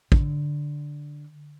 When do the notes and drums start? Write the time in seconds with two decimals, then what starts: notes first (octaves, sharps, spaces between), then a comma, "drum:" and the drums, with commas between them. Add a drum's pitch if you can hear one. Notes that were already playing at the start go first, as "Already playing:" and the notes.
0.12 D3, drum: kick